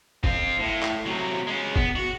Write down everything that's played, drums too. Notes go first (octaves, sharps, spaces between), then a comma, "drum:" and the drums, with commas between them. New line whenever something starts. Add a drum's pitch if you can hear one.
C4 F4, drum: kick
A2
drum: clap
C3 F#3
G#3 C#4
B3, drum: kick
F#4